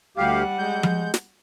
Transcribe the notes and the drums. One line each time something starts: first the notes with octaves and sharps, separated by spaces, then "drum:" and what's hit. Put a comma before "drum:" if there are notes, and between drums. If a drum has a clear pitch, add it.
D2 G3 G4 F5 F#5
G#3 G6
drum: tom F3
drum: snare